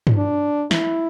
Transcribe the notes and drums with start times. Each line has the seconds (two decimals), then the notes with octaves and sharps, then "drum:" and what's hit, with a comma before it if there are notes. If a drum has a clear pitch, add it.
0.07 drum: tom G2
0.17 D4
0.71 E4, drum: snare